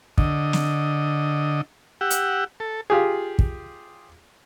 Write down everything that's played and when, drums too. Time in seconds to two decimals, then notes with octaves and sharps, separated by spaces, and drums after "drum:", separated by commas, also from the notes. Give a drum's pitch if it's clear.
0.18 D3 D#5, drum: kick
0.53 drum: snare
2.01 G4 F#5 E6
2.10 drum: hi-hat
2.60 A4
2.90 F4 G4 G#4
3.39 drum: kick